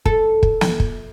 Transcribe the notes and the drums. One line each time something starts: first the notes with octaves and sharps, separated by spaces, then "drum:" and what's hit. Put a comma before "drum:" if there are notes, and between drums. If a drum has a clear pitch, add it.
A4, drum: kick
drum: kick
drum: snare
drum: kick